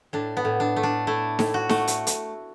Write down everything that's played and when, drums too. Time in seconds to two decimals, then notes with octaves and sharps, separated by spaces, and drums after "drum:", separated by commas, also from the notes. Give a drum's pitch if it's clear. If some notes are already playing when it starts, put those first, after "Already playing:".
0.13 A2 D4
0.37 B3
0.45 A2
0.60 D4
0.76 A3
0.83 D4
1.07 A3 E4
1.39 A2, drum: snare D#4
1.54 F#4
1.69 A3, drum: snare D#4
1.87 drum: hi-hat
2.07 drum: hi-hat